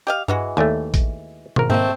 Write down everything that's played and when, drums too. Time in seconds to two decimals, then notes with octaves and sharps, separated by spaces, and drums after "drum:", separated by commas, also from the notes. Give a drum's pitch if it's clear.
0.07 G4 D#5 F5
0.28 G2 E3 G#3 F#4
0.57 D#2 A3 A4 D5 G#5
0.94 drum: kick A1, hi-hat
1.56 G#1 A#4, drum: tom B2
1.70 G#2 A3 A#3 C4 D#5